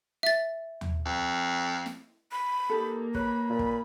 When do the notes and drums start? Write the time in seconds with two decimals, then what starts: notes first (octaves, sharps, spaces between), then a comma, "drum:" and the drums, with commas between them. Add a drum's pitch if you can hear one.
0.23 E5 A6
0.81 drum: tom
1.05 F2
1.86 drum: snare
2.32 B5
2.70 A#3 D#4 G4 A4
3.15 B4 C#5 B5, drum: kick
3.50 A#2
3.59 drum: kick